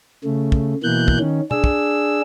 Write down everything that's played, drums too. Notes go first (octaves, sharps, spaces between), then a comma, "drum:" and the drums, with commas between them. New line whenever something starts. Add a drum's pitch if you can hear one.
C#3 A3
drum: kick
B2 E3 A#3 F#6 G6
drum: kick
D#3 C#4
D4 G#4 E6, drum: tom
drum: kick